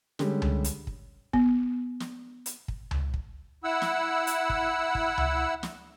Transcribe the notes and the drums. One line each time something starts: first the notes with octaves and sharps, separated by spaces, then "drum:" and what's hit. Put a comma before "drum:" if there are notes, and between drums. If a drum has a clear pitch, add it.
D3 G3 G#3 C#4 G4, drum: snare
drum: tom C#2
drum: hi-hat
drum: kick
B3, drum: kick
drum: snare
drum: hi-hat
drum: kick
drum: tom C#2
drum: kick
E4 F#5 E6
drum: snare
drum: hi-hat
drum: kick
drum: kick
drum: tom C#2
drum: snare